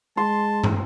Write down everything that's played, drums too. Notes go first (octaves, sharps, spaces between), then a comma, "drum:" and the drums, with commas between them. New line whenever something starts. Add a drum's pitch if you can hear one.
G#3 A5 C6
drum: tom